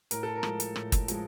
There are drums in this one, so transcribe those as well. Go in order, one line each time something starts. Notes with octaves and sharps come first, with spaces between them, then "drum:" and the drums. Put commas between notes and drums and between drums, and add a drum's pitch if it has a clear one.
A2 A#4, drum: hi-hat
A4
A#4
F3 G#3, drum: rim click
drum: hi-hat
A2, drum: rim click
drum: kick, hi-hat
F3 G#3, drum: hi-hat